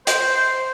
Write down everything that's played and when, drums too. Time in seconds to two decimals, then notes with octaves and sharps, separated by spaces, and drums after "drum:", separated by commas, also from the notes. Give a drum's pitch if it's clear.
0.07 C5, drum: hi-hat
0.36 C5